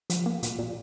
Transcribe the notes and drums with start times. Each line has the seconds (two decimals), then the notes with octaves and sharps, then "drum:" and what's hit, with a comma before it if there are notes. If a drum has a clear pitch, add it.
0.10 F3, drum: hi-hat
0.26 A#3
0.43 A#2, drum: hi-hat
0.59 A#2